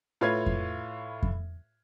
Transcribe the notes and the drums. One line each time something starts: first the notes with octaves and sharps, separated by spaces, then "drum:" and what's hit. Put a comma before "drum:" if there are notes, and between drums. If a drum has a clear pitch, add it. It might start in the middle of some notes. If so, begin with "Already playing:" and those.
A2 F4 B4 C#5 F5 G#6
drum: kick F2
drum: kick F2